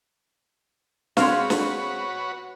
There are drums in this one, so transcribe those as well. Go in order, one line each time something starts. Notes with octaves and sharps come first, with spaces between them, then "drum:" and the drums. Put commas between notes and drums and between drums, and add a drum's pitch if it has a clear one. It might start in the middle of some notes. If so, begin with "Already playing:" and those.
G#3 C4 F#4 B4 C#5 F5, drum: snare
drum: snare